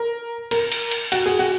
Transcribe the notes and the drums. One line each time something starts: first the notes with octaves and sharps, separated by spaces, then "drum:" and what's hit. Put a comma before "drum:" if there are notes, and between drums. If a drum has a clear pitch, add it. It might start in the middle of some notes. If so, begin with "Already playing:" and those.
Already playing: A#4
A#4, drum: cymbal
drum: cymbal
drum: cymbal
F#4, drum: cymbal
G#4
F#4